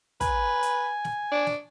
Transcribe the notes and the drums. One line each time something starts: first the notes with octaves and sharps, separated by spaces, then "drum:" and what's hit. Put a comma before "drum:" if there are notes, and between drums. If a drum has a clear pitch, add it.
B4 G#5, drum: kick, hi-hat
drum: hi-hat
drum: snare
D4
drum: snare